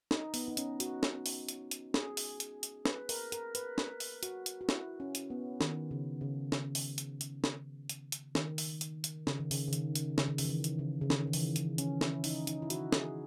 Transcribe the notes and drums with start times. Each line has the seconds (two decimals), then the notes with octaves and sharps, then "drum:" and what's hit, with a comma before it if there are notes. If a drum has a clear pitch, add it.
0.11 D#4, drum: snare
0.34 B3, drum: open hi-hat
0.48 D#4
0.57 C#4, drum: hi-hat
0.80 F#4, drum: hi-hat
1.03 drum: snare
1.26 drum: open hi-hat
1.49 drum: hi-hat
1.71 drum: hi-hat
1.94 G#4, drum: snare
2.17 drum: open hi-hat
2.40 drum: hi-hat
2.63 drum: hi-hat
2.85 B4, drum: snare
3.09 A#4, drum: open hi-hat
3.32 A#4, drum: hi-hat
3.55 B4, drum: hi-hat
3.78 A#4, drum: snare
4.00 drum: open hi-hat
4.23 F#4, drum: hi-hat
4.46 drum: hi-hat
4.61 F#4
4.69 E4, drum: snare
5.00 C#4
5.15 drum: hi-hat
5.30 B3
5.61 D#3, drum: snare
5.91 C#3
6.21 C#3
6.52 drum: snare
6.75 drum: open hi-hat
6.98 drum: hi-hat
7.21 drum: hi-hat
7.44 drum: snare
7.89 drum: hi-hat
8.12 drum: hi-hat
8.35 D#3, drum: snare
8.58 drum: open hi-hat
8.81 drum: hi-hat
9.04 drum: hi-hat
9.27 C#3, drum: snare
9.39 D#3
9.51 C#3, drum: open hi-hat
9.68 C#3
9.73 D#3, drum: hi-hat
9.95 drum: hi-hat
10.18 C#3, drum: snare
10.29 D#3
10.38 C#3, drum: open hi-hat
10.44 E3
10.49 D#3
10.64 drum: hi-hat
10.79 C#3
11.01 C#3
11.10 D#3, drum: snare
11.27 D#3
11.33 E3, drum: open hi-hat
11.56 E3, drum: hi-hat
11.78 C#4, drum: hi-hat
12.01 E4, drum: snare
12.24 D#4, drum: open hi-hat
12.47 D#4, drum: hi-hat
12.62 E4
12.70 F#4, drum: hi-hat
12.92 G#4, drum: snare